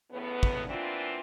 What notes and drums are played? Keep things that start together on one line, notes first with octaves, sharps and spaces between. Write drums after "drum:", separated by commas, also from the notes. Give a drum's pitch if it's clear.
E2 A2 C#3 B3
drum: kick
A#2 E3 B3 C4 D4 F4